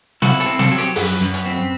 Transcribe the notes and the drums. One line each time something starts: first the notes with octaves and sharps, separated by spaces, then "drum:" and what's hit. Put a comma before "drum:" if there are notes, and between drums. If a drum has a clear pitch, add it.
E4 F#4, drum: snare
A4, drum: hi-hat
C4
A4, drum: snare
F#3
G4, drum: hi-hat
F#2 B4, drum: open hi-hat
F#2
drum: hi-hat
C4